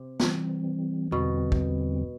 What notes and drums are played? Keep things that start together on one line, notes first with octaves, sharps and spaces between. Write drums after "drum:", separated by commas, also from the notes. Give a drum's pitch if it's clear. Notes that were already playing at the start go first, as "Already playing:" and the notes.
Already playing: C3
E3 G3 C4, drum: snare
E2 B2 D3 G3 C4
drum: kick